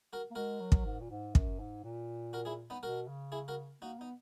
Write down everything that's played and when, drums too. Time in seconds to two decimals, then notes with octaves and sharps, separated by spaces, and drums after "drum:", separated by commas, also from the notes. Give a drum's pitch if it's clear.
0.13 F#4 A#4
0.31 A#3
0.35 G#3 F#4 A#4
0.60 F#3
0.72 drum: kick
0.85 G#2
1.01 A#2
1.10 G#2
1.35 F#2, drum: kick
1.59 G#2
1.84 A#2
2.33 F#4 A#4
2.45 E4 G#4
2.70 B3 D#4
2.82 B2 F#4 A#4
3.08 C#3
3.32 E4 G#4
3.48 F#4 A#4
3.82 A#3 D#4 F#4
3.98 B3 D#4